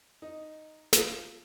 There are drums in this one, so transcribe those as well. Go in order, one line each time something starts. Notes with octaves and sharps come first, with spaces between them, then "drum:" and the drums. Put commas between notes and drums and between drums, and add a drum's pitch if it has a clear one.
D#4
F4, drum: snare